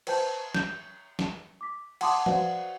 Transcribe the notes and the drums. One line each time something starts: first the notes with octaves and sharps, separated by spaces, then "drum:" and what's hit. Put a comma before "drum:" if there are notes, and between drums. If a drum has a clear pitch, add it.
B4 C5 G5 A5 G6, drum: cymbal
G6, drum: snare
drum: snare
D6 B6
F#5 G5 A5 C6 D6 D#6, drum: cymbal
F#4 B4 C5 D5 F5 F#5, drum: tom F3